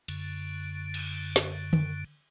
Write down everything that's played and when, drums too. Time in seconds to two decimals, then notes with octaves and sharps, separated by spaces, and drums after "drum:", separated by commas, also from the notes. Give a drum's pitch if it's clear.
0.08 F#2 D3, drum: cymbal
0.94 drum: cymbal
1.36 drum: snare
1.73 drum: tom D3